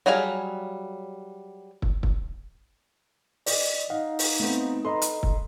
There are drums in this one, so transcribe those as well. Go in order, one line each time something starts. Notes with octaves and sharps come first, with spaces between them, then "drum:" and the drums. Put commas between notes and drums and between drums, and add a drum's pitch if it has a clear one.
F#3 G3 G#4 F5 G#5
drum: kick
drum: kick
D5 D#5, drum: open hi-hat
D#4 D#5 F5 F#5
drum: open hi-hat
A3 B3 C4
A4 B4 D#5 A#5 C6
drum: hi-hat
drum: kick